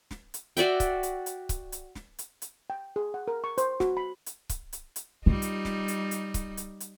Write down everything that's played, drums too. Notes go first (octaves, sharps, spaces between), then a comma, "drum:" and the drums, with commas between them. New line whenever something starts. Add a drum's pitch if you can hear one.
drum: snare
drum: hi-hat
F#4 D5 E5 G5, drum: hi-hat
drum: kick C#1, hi-hat
drum: hi-hat
drum: hi-hat
drum: kick C#1, hi-hat
drum: hi-hat
drum: snare
drum: hi-hat
drum: hi-hat
G5
G#4
F#5
A#4
C#6
C5, drum: hi-hat
F#4, drum: snare
B5
drum: hi-hat
drum: kick C#1, hi-hat
drum: hi-hat
drum: hi-hat
G3 D#4 F4
drum: hi-hat
drum: snare
drum: hi-hat
drum: hi-hat
drum: kick C#1, hi-hat
drum: hi-hat
drum: hi-hat